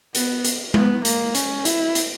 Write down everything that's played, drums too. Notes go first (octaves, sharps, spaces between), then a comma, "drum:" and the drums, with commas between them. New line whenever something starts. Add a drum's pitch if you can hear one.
B3, drum: hi-hat
drum: hi-hat
B3, drum: tom G#3
A#3, drum: hi-hat
C#4, drum: hi-hat
E4, drum: hi-hat
drum: hi-hat